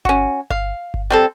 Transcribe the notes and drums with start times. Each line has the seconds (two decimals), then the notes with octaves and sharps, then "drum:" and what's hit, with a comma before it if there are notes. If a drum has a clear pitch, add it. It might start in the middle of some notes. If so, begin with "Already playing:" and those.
0.05 C#4 F#4, drum: kick G1
0.50 F5, drum: kick G1
0.94 drum: kick G1
1.10 G3 C4 A4